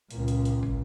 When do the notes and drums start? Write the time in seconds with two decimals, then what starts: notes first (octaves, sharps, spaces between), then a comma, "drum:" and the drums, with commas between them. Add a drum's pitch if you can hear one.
0.10 C#2 A#2, drum: hi-hat
0.28 drum: hi-hat
0.45 drum: hi-hat
0.63 drum: kick